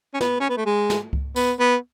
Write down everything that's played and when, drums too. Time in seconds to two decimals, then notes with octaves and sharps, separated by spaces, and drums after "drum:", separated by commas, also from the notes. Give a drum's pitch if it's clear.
0.14 C#4
0.21 B3, drum: snare
0.40 C#4
0.50 B3
0.57 A3
0.66 G#3
0.90 drum: snare
1.13 drum: kick C#2
1.36 B3, drum: tambourine
1.60 B3